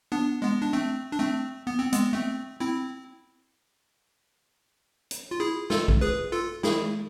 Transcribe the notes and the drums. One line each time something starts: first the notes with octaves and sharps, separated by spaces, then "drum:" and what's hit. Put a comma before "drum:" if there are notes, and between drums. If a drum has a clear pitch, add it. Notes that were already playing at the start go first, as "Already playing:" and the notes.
B3 D4
G#3 B3
D4
A3 C4
D4
A3 C4
B3
C4
G#3 B3, drum: hi-hat
A3 C4
C4 E4
drum: hi-hat
F4
E4 G#4
F4 A4, drum: snare
drum: kick A#1
G#4 B4
F4 A4
E4 G#4, drum: snare